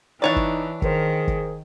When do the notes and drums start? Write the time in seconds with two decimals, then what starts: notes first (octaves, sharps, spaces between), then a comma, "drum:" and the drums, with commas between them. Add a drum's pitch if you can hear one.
0.22 E3 D4 D#4 C#5 D5
0.36 drum: kick
0.82 D#3 G#4 A#4 C5, drum: kick
1.28 drum: kick